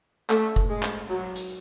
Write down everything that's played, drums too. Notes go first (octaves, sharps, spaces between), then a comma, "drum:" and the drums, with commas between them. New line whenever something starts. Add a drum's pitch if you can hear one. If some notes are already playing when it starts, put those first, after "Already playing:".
A3, drum: clap
drum: kick F#1
G#3
drum: clap
F#3
drum: hi-hat